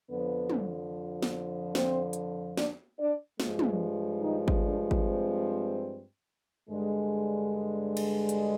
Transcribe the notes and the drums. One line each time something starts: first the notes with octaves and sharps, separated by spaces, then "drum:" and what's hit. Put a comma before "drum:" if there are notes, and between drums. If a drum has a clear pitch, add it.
F2 D3 F3 B3 B4
drum: tom
drum: snare
C4 C5, drum: snare
drum: hi-hat
D4 D5, drum: snare
D4 D5
G2 F3 G#3, drum: snare
drum: tom
D#3 D#4
drum: kick G#1
D3 D4
drum: kick G#1
C4
G2 D3 G#3
drum: cymbal
drum: hi-hat